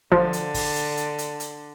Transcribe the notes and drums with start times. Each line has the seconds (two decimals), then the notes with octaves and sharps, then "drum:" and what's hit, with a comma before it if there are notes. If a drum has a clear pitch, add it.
0.12 D3 F3, drum: kick
0.33 drum: hi-hat
0.54 drum: kick, open hi-hat
0.76 drum: hi-hat
0.97 drum: hi-hat
1.18 drum: hi-hat
1.40 drum: hi-hat